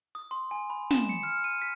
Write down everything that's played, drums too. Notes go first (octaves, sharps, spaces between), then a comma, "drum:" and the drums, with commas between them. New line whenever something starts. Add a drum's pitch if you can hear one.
D#6
C6
G#5
B5
E7, drum: snare
C#7
F6
D#7
B6